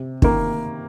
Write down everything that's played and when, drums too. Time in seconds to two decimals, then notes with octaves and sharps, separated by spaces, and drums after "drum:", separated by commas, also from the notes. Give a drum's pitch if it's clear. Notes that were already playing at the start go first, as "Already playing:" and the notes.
Already playing: C3
0.22 D#3 A#3, drum: kick